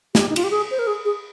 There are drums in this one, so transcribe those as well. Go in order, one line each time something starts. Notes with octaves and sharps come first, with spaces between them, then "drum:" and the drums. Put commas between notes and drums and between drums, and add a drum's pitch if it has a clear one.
G4, drum: snare
D#4
F4, drum: cymbal
G4
G#4
C5
A#4
G#4
G#4